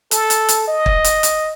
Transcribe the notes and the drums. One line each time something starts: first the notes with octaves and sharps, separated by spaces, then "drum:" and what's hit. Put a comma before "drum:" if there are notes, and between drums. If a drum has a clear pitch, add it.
A4, drum: hi-hat
drum: hi-hat
drum: hi-hat
D#5
drum: kick
drum: hi-hat
drum: hi-hat